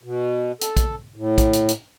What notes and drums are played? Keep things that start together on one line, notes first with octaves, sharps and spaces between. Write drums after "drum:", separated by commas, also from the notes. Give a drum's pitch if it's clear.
B2
A4, drum: hi-hat
drum: kick, hi-hat
A2
drum: kick, hi-hat
drum: hi-hat
drum: hi-hat